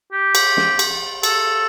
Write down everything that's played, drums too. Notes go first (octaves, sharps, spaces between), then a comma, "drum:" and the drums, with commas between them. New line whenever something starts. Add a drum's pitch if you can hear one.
G4
drum: cymbal
drum: snare
drum: cymbal
A4, drum: cymbal